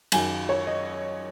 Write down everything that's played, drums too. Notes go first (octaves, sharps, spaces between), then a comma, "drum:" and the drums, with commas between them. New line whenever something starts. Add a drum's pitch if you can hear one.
F#2 D#3 F#3 G#5, drum: cymbal
C#5
D#5